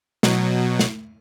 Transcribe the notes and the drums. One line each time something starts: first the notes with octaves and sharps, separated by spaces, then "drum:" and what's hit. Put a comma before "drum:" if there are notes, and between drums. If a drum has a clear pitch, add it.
B2 F#3, drum: snare
drum: snare